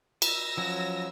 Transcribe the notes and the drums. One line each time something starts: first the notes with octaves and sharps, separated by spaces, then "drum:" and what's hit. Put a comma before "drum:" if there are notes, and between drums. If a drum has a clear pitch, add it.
E6 A#6, drum: cymbal
F3 F#3 C#4